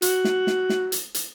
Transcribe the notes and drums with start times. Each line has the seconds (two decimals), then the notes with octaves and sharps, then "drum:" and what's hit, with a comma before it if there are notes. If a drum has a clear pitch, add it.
0.02 F#4, drum: hi-hat
0.24 drum: snare
0.47 drum: snare
0.69 drum: snare
0.92 drum: hi-hat
1.14 drum: hi-hat